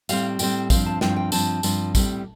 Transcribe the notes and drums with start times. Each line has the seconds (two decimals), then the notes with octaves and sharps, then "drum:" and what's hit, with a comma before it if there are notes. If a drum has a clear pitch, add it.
0.09 A2 G3 C4 F5, drum: tambourine
0.39 A2 G3 C4 G5, drum: tambourine
0.70 G2 F3 C4 F5, drum: kick A1, tambourine
0.86 A5
1.01 G2 F3 C4 G5, drum: snare
1.16 G5
1.32 G2 F3 C4 A5, drum: tambourine
1.63 G2 F3 C4, drum: tambourine
1.95 A2 G3 C4, drum: kick A1, tambourine